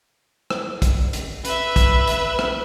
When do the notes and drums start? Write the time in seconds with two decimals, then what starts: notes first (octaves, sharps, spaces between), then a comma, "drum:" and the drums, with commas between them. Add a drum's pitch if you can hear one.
0.50 drum: rim click
0.82 drum: kick, hi-hat
1.13 drum: hi-hat
1.45 B4 E5, drum: hi-hat
1.76 drum: kick, hi-hat
2.07 drum: hi-hat
2.39 drum: rim click